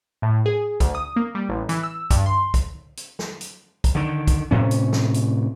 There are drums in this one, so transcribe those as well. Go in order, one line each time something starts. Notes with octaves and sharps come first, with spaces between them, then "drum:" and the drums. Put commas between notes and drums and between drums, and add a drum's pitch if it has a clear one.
A2
G#4
D2, drum: kick B1, hi-hat
D#6
A#3
G3
A1
E3, drum: hi-hat
E6
G2, drum: kick B1, hi-hat
C6
drum: kick B1, hi-hat
drum: hi-hat
drum: snare
drum: hi-hat
drum: kick B1, hi-hat
D3 D#3
drum: kick B1, hi-hat
A2 C3 C#4
drum: hi-hat
drum: snare
drum: hi-hat